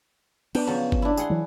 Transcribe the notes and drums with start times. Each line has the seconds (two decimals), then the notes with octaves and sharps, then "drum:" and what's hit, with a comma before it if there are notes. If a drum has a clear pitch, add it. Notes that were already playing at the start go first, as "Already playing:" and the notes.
0.55 B3 D4 G5, drum: cymbal
0.67 C#3 F3 F#3
0.92 drum: kick G1
1.02 D4 E4
1.17 G#4 F#5 C6, drum: tambourine
1.30 E3 F#3